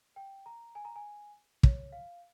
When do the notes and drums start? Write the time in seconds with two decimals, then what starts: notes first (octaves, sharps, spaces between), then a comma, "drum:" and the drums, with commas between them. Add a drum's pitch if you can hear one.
0.16 G5
0.46 A#5
0.75 G#5
0.85 A#5
0.96 G#5
1.63 C#5, drum: kick
1.92 F5